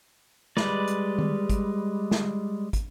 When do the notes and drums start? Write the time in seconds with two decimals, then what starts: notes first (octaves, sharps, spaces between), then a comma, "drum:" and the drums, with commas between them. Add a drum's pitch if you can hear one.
0.57 G3 G#3 B4 D5, drum: snare
0.88 drum: hi-hat
1.19 drum: tom D#3
1.50 drum: kick, hi-hat
2.11 drum: snare
2.73 drum: kick, hi-hat